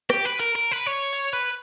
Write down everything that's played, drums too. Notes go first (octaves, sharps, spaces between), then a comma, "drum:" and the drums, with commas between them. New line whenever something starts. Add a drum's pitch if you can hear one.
G4, drum: rim click
B4, drum: hi-hat
A#4
A#4
B4
C#5
drum: open hi-hat
B4